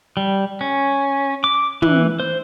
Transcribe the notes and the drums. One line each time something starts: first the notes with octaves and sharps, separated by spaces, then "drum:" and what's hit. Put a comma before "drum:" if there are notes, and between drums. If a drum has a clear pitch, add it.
G3
C#4
D6
E3, drum: tom
C5